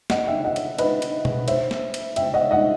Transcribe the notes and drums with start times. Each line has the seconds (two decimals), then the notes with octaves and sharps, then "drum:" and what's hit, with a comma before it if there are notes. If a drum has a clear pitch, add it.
0.10 D#5 F#5, drum: snare
0.27 E5 G5
0.44 D#5 F#5
0.56 drum: cymbal
0.78 B4 D#5, drum: cymbal
1.02 drum: cymbal
1.25 drum: tom B2
1.48 C5 E5, drum: cymbal
1.71 drum: snare
1.94 drum: cymbal
2.16 E5 G5, drum: cymbal
2.34 D#5 F#5
2.51 D#5 F#5